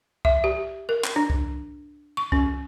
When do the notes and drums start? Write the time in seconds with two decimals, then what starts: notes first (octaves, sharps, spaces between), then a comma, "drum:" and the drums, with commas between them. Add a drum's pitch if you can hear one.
0.25 E5, drum: kick C2
0.44 G4
0.89 A#4
1.04 drum: clap
1.16 D4
1.30 drum: kick C2
2.17 C#6
2.32 C#4, drum: kick C2